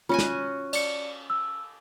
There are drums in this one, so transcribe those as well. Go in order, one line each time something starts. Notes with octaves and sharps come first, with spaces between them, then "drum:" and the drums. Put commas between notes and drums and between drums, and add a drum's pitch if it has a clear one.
C#4 F4 F#4 G#5
drum: snare
D5 C#7, drum: cymbal
E6